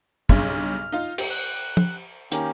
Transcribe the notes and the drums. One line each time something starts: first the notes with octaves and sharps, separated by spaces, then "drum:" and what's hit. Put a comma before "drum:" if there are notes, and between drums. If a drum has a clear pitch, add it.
B1 G2 C#3 F6, drum: kick
D#4 F4
G4, drum: cymbal
F#6
drum: tom
D#3 A#3 C#4 G4, drum: hi-hat